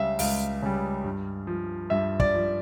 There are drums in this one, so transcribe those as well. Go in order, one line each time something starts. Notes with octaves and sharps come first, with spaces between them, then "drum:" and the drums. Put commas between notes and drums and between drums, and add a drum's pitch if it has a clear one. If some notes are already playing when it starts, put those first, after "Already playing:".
Already playing: C#2 C#3 G3 E5 F5
C#2 F5, drum: open hi-hat
C#3 G3
G2
F3
G2 E5
D5, drum: kick
F3